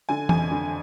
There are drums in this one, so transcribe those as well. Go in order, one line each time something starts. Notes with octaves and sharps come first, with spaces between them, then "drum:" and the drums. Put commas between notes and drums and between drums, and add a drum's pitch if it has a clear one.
D3 G#5
F2 G#5, drum: tom E3
D3